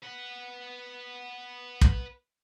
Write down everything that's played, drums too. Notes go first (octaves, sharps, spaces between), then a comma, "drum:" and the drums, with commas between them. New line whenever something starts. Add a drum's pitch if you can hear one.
B4 F#5
drum: kick